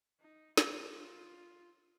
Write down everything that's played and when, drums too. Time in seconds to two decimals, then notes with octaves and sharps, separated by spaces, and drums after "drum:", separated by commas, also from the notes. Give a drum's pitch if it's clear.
0.20 D#4
0.57 F4, drum: snare
0.95 F4